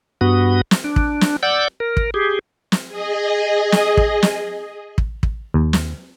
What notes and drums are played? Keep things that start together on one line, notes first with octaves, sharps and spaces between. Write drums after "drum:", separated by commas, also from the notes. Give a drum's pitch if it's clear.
G2 B3 F#4 D#6
drum: snare
D4
drum: kick
drum: snare
D5 F#5 D6 E6 G6
A#4
drum: kick
G4 G#4
drum: snare
G#4 D#5
drum: snare
drum: kick
drum: snare
drum: kick
drum: kick
D#2
drum: snare